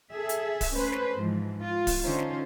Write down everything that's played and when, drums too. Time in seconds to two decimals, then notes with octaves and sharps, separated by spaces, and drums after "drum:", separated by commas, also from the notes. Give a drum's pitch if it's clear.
0.12 G#4 A4 E5
0.29 drum: hi-hat
0.61 drum: kick D1, open hi-hat
0.74 A3 C#4 B4 C5
0.92 drum: snare
1.18 G#2 E3 F3
1.64 F4
1.87 drum: kick D1, open hi-hat
2.03 D3 C#4 D#4 F4 C5
2.18 drum: snare